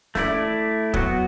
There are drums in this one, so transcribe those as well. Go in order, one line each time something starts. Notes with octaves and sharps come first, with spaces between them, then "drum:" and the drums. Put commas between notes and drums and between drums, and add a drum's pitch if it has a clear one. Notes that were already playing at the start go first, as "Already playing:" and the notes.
A3 E4 D5, drum: snare
F#3 B3 F#4, drum: kick